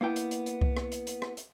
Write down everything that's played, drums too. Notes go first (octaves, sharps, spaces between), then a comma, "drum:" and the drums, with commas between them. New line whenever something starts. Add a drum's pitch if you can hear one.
A#3 B3 E4 G5
drum: hi-hat
drum: hi-hat
drum: hi-hat
drum: kick C2
drum: rim click
drum: hi-hat
drum: hi-hat
drum: rim click
drum: hi-hat